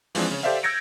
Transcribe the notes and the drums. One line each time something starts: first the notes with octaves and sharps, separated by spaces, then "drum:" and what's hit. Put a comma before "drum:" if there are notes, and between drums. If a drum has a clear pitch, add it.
E3 F3 G#3 C4 D4, drum: open hi-hat
C#3 C#5
G4 A4 C5 D5 E5 F5
E6 G6 G#6 A#6 C#7 D7